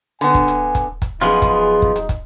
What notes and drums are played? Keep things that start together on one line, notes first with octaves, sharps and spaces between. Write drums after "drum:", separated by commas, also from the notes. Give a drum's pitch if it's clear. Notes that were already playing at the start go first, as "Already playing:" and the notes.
D3 B3 G#5, drum: hi-hat
drum: kick, hi-hat
drum: hi-hat
drum: kick, hi-hat
drum: kick, hi-hat
F#2 F3 B3 D#4 F4 G#4
drum: kick, hi-hat
drum: kick
drum: hi-hat
drum: kick, hi-hat